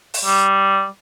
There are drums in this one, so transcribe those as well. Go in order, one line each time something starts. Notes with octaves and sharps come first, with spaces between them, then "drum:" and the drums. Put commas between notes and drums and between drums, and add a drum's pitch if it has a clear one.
drum: open hi-hat
G3